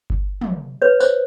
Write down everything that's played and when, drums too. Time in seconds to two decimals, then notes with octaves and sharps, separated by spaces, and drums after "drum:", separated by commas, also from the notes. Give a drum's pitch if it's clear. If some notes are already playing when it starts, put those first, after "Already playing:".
0.10 drum: kick G1
0.41 drum: tom
0.82 B4 C#5
1.00 C5, drum: tambourine